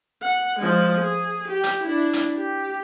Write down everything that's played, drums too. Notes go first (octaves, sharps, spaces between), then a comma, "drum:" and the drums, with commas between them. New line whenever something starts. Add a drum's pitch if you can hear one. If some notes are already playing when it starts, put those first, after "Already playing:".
F#5
F3 G#3
G#4
G4
drum: hi-hat
D4 E4
drum: hi-hat
G4